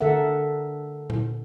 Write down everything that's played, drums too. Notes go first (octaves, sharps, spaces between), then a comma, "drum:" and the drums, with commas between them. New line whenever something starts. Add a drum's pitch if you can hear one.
D3 A4 A#4 E5 F#5
drum: tom A#2